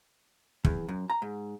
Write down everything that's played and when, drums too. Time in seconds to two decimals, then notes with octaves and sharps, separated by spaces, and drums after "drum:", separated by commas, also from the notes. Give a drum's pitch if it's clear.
0.65 E2, drum: kick
0.89 F#2
1.10 A#5
1.22 G#2